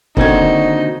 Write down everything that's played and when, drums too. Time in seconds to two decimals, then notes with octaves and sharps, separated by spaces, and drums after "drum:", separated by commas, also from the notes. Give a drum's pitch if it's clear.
0.17 D#2 D3 C4 D#4 F#4 G#6, drum: kick